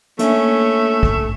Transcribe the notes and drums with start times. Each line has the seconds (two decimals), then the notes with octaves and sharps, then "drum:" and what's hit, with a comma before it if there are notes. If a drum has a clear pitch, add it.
0.19 A3 A#3 C#4 D4 E5, drum: hi-hat
1.03 drum: kick